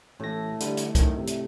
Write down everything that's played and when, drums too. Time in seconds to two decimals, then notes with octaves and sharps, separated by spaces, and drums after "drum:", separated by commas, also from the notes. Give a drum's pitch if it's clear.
0.20 A1 A2 A#6
0.60 D3 G3, drum: hi-hat
0.77 drum: hi-hat
0.95 F#2 D#3, drum: kick, hi-hat
1.17 C3
1.27 drum: hi-hat